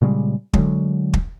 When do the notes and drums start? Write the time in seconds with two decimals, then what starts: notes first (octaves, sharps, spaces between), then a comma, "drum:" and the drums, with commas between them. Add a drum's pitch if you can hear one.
0.01 A#2 C#3 G3 G#3
0.53 D3 E3 F#3 G#3, drum: kick
1.13 drum: kick